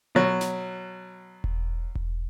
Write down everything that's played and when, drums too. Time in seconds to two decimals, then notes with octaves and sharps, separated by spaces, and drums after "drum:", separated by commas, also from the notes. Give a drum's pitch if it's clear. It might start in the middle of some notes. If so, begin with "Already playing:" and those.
0.15 B2 F#3
0.41 drum: snare
1.44 drum: kick E1
1.95 drum: kick E1